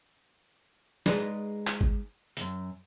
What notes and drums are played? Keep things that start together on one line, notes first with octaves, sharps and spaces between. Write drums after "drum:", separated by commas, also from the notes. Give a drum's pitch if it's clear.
G#3 D#4 G#4 B4 D5 D#5, drum: snare
drum: clap
drum: kick G#1
C#2 F#2, drum: hi-hat